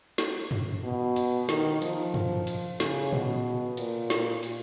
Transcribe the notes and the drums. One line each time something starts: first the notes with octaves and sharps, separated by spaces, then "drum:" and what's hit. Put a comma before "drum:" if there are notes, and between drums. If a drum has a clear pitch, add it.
drum: snare
drum: tom F#2
B2
drum: cymbal
D#3, drum: snare
F3, drum: cymbal
drum: tom F#2
drum: cymbal
C#3, drum: snare
B2, drum: tom A2
A#2, drum: cymbal
drum: snare
drum: cymbal